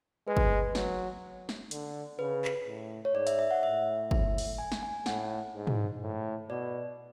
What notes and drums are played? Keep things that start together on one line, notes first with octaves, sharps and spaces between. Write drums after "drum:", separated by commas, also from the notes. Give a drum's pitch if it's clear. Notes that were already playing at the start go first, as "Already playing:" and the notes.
G#3 B4
drum: kick
F#3, drum: snare
drum: snare
D3, drum: hi-hat
C#3 B4
drum: clap
A2
C#5
G#2 D5
E5, drum: hi-hat
E5
F#5
A2 E5
E5, drum: kick
drum: open hi-hat
G#5
drum: snare
G#5
A2 F#5, drum: snare
G#2
drum: tom
A2
B2 D5